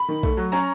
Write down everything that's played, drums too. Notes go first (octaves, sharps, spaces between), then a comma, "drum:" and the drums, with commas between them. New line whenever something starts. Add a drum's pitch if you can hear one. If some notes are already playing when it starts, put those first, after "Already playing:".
Already playing: B5
D#3
A3, drum: kick B1
F#3
C#4 A#5